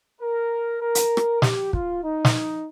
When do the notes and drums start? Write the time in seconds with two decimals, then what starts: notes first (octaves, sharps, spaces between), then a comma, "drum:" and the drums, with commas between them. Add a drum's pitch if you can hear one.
0.21 A#4
0.82 A#4
0.95 drum: hi-hat
1.17 drum: rim click
1.42 G4, drum: snare
1.73 F4, drum: kick
2.04 D#4
2.25 drum: snare